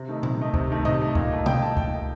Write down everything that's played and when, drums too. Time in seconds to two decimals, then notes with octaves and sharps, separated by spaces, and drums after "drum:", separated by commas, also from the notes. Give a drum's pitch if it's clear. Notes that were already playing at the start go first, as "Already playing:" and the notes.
Already playing: C3
0.08 D#3 A3 D#4
0.23 C3, drum: tom A#2
0.39 D#3 A3 D#4
0.54 C3, drum: kick C#2
0.70 D#3 A3 D#4
0.85 C3 D#5, drum: tom A2
1.00 D#3 A3 D#4
1.15 A#2, drum: kick C#2
1.31 A3 D#4
1.46 A#2 G5, drum: tom B2
1.62 A3 D#4 A5
1.77 A#2 G5, drum: kick C#2
1.93 A3 D#4